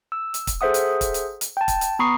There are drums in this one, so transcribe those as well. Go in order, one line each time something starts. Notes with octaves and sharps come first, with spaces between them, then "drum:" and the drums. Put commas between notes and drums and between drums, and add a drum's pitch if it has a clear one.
E6
drum: hi-hat
drum: kick, hi-hat
G#4 A4 C5 E5 F#5 D#6
drum: hi-hat
drum: kick, hi-hat
drum: hi-hat
drum: hi-hat
G5 A5
drum: kick, hi-hat
drum: hi-hat
B3 A#5 B5 C#6 D#6 C7